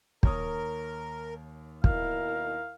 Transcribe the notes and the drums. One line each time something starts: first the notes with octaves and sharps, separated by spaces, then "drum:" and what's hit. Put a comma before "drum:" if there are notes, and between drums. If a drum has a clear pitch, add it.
D#2 A#4 C#5 D#6, drum: kick
B2 E4 A#4 F5, drum: kick